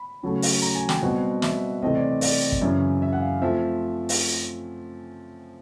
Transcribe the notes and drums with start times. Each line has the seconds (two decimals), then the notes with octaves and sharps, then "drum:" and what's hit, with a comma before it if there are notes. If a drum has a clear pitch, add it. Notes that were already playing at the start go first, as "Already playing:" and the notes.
Already playing: B5
0.23 C#3 F#3 A3
0.42 drum: open hi-hat
0.62 A#5
0.75 G#5
0.89 G5, drum: snare
1.02 B2 G3 C4 F#5
1.42 E5, drum: snare
1.82 C3 E3 A3 C4 D#5
1.95 D5
2.08 D5
2.21 D5, drum: open hi-hat
2.52 drum: kick
2.62 F#2 C#3 E3 E5
3.02 E5
3.13 F#5
3.22 F5
3.41 F3 A3 C4 E5
4.09 drum: open hi-hat